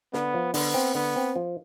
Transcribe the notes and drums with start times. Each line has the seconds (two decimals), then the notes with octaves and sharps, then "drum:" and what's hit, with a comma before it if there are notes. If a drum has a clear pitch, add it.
0.13 D3 B3, drum: snare
0.34 F3
0.54 D3 B3, drum: open hi-hat
0.74 C4
0.95 D3 B3
1.16 C4
1.36 F3